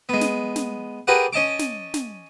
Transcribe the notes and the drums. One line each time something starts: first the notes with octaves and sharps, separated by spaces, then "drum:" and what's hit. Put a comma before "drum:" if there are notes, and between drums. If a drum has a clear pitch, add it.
G#3 B3
drum: snare
drum: snare
G4 G#4 A#4 B4 D5 F#5
C#4 D#5 A5 D6
drum: snare
drum: snare